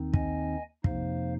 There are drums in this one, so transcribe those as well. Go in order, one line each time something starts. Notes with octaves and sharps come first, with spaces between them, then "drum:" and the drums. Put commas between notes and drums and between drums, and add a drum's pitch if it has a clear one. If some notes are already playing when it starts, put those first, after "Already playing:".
Already playing: D#2 D#3 C4 D#4
D#5 G#5, drum: kick
F2 C3 F3 A#3 D#4 C5 F5, drum: kick